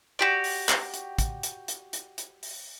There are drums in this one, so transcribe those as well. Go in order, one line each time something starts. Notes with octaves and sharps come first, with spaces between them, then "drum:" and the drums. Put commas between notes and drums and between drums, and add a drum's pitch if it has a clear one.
F#4 G4 D5
drum: open hi-hat
drum: clap
drum: hi-hat
drum: kick, hi-hat
drum: hi-hat
drum: hi-hat
drum: hi-hat
drum: hi-hat
drum: open hi-hat